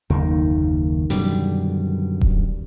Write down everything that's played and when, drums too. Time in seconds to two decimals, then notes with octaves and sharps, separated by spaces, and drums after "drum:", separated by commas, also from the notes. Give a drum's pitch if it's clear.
0.10 F#1 D#2 D#3 A#3
1.10 F#2 B2 D3 G3, drum: open hi-hat
2.21 drum: kick D#1